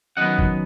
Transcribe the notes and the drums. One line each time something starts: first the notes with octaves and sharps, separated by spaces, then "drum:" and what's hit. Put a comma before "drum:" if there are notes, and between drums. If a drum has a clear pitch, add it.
F#2 D#3 F#3 B3 D#5 F#5
drum: kick F#1